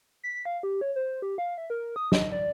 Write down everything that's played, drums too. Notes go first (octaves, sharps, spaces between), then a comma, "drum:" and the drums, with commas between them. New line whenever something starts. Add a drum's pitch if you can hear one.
B6
F5
G4
C#5
C5
G4
F5
E5
A#4
D#6
D#5, drum: snare
D5